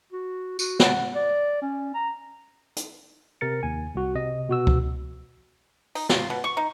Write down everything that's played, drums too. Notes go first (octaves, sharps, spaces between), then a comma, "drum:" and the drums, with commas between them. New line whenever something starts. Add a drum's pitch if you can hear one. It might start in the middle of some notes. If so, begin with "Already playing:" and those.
F#4
F#4, drum: tambourine
F#5, drum: snare
D5
C#4
A#5
drum: hi-hat
C3 A#4 A6 C#7
D#2 G#5
C2 F#4
C3 D#5
B2 F#4 E6
drum: kick C#2
D#4, drum: open hi-hat
F4, drum: snare
B2
C#6
D#4